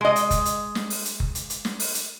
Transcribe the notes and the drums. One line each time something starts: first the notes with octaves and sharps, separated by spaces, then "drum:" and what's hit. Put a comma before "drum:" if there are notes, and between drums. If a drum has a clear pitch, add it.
G#3 D#5
drum: hi-hat
drum: kick F#1, hi-hat
drum: hi-hat
drum: snare
drum: open hi-hat
drum: hi-hat
drum: kick F#1
drum: hi-hat
drum: hi-hat
drum: snare
drum: open hi-hat
drum: hi-hat